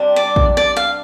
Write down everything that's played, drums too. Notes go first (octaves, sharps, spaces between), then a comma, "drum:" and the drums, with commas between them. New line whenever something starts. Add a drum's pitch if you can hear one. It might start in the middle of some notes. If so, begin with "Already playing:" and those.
Already playing: C3 G3 D4
D5
drum: kick
D5
F5